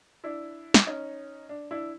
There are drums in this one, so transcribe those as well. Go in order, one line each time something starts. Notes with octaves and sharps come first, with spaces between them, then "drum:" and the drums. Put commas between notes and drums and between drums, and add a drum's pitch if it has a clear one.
D4 E4
drum: snare
C#4 D#4
D4
D4 E4